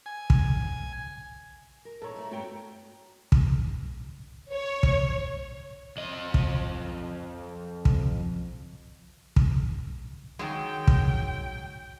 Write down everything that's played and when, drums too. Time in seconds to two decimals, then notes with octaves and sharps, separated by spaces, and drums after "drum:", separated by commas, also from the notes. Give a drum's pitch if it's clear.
0.06 G#5
0.30 drum: kick
1.85 A#4
2.02 D#2 A#2 A4 C#5 A#5
2.16 A3 E4
2.31 G2 A3 F#4 C#5 G5
3.32 drum: kick
4.53 C#5
4.83 drum: kick
5.97 F2 D#5
6.34 drum: kick
7.85 drum: kick
9.36 drum: kick
10.39 D#3 F#3 G#3 G5
10.87 drum: kick